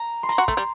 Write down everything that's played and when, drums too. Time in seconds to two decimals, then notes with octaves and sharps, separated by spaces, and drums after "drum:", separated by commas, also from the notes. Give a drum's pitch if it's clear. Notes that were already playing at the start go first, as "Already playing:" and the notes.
Already playing: A#5
0.23 C6
0.29 A#5, drum: hi-hat
0.38 F#4
0.48 A3, drum: kick
0.57 G3